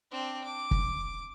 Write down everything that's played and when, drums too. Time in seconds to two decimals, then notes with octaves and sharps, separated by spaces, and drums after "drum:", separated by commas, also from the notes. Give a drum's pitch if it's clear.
0.11 C4 D4
0.44 D6
0.71 drum: kick